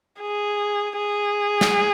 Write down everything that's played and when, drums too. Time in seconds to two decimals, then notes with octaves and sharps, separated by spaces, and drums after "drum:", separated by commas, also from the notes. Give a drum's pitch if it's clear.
0.20 G#4
0.98 G#4
1.61 drum: snare